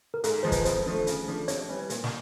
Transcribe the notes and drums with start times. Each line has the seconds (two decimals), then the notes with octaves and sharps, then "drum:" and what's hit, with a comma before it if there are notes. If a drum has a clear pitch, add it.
0.14 A#4
0.24 G#2 A4, drum: hi-hat
0.43 F3 G#3 C5
0.52 B4, drum: kick, hi-hat
0.65 F2 C5, drum: hi-hat
0.86 D3 F3 A3
1.07 C#3, drum: hi-hat
1.28 F3 A3 D4
1.48 C3 C#5, drum: hi-hat
1.69 E3 G3
1.90 A#2, drum: hi-hat
2.04 drum: snare